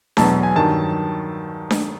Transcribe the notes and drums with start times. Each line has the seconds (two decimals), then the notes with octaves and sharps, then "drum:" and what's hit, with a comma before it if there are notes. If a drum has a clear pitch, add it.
0.17 E2 B2 F#3 A5, drum: snare D4
0.43 G#5
0.56 G2 D#3 F#3 A5
1.71 drum: snare D4